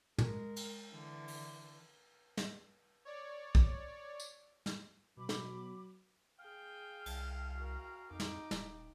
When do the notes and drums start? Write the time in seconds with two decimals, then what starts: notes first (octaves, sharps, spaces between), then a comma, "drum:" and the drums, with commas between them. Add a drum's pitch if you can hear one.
0.18 G#3 A#4, drum: tom
0.56 drum: cymbal
0.90 D3 E3
1.28 drum: open hi-hat
2.37 drum: snare
3.05 C#5 D5
3.55 drum: kick
4.20 drum: tambourine
4.66 drum: snare
5.17 B2 F#3 B5 D6
5.29 drum: snare
6.39 G#4 F5 G5
7.06 C2, drum: cymbal
7.54 F#4 A#4
8.11 F2 D#4 D6
8.20 drum: snare
8.51 D#1, drum: snare